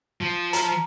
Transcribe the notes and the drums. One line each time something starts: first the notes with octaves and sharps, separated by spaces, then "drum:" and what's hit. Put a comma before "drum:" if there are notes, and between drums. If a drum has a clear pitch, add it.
F3
A#5, drum: hi-hat